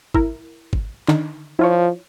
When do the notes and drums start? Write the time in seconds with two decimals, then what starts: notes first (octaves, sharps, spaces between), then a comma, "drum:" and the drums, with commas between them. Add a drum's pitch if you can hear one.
0.14 E4 A#4, drum: kick
0.73 drum: kick
1.08 D3 D#3 D#4, drum: clap
1.59 F3 E4 F4 C#5